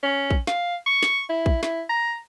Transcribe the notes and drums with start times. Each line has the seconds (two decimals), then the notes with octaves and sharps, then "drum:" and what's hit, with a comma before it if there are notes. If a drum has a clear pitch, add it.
0.03 C#4
0.31 drum: kick
0.47 F5, drum: snare
0.86 C#6
1.03 drum: snare
1.29 E4
1.46 drum: kick
1.63 E4, drum: snare
1.89 A#5